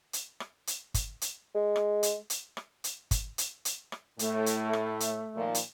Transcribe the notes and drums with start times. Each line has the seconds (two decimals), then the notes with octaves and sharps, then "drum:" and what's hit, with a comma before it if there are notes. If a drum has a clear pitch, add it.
0.13 drum: hi-hat
0.40 drum: rim click
0.67 drum: hi-hat
0.94 drum: kick, hi-hat
1.21 drum: hi-hat
1.55 G#3
1.76 drum: rim click
2.03 drum: hi-hat
2.30 drum: hi-hat
2.57 drum: rim click
2.84 drum: hi-hat
3.11 drum: kick, hi-hat
3.38 drum: hi-hat
3.65 drum: hi-hat
3.92 drum: rim click
4.19 A2 A3, drum: hi-hat
4.46 drum: hi-hat
4.73 drum: rim click
5.00 drum: hi-hat
5.36 A#2 D#3 F3
5.55 drum: hi-hat